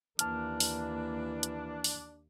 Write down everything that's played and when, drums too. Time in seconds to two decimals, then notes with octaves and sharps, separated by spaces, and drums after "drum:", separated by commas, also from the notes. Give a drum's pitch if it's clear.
0.19 D#2 E3 A#3 D4 A5 F6, drum: hi-hat
0.60 drum: open hi-hat
1.43 drum: hi-hat
1.84 drum: open hi-hat